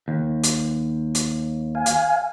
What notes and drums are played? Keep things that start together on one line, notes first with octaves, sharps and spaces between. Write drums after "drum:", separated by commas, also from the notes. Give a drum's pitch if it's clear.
D#2
drum: hi-hat
drum: hi-hat
F5 G#5
drum: hi-hat